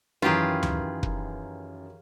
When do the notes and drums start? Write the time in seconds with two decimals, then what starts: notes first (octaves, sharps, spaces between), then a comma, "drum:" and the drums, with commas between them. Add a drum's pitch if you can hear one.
0.22 F#2 D#3 E3 F4 G4 G#4 B4
0.63 drum: tom D2
1.03 drum: kick